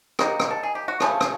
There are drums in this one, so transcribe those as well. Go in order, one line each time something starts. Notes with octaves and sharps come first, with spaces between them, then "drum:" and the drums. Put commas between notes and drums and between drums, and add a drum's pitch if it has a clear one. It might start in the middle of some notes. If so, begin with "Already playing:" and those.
D#3 G3 A#3 D#4 F#4, drum: rim click
drum: rim click
A4
G#4
G4
F#4
C#3 F3 A3 C#4 F4, drum: rim click
drum: rim click